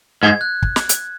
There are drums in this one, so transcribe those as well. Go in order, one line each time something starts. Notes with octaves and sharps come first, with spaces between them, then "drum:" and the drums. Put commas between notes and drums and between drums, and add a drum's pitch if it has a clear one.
G#2 G#6
F#6
drum: kick
drum: snare
drum: hi-hat